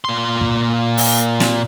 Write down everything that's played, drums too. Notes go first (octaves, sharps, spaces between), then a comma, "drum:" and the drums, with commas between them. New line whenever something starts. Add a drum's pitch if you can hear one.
A#2 C6
drum: kick
drum: open hi-hat
drum: snare